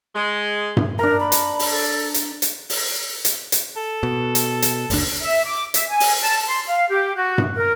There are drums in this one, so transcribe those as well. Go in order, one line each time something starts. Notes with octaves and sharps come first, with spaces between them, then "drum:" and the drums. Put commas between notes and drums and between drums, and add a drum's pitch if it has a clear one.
G#3
drum: tom G2
D4 A#4 A#5
B5
drum: hi-hat
drum: open hi-hat
A4
drum: hi-hat
drum: hi-hat
drum: open hi-hat
drum: hi-hat
drum: hi-hat
A4
B2
drum: hi-hat
drum: hi-hat
F#1 D2 D4, drum: open hi-hat
E5
D6
E5, drum: hi-hat
G#5
drum: open hi-hat
A5
C6
F5
G4
F#4
drum: tom G2
A#4